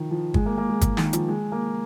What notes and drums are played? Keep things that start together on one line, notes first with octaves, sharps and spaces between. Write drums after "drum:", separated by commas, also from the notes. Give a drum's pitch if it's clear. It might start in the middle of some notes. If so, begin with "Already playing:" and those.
Already playing: D#3 F3
F3
G#3, drum: kick
A#3
A#3
G#3
G#3, drum: kick, hi-hat
D#3, drum: snare
F3, drum: hi-hat
G#3
A#3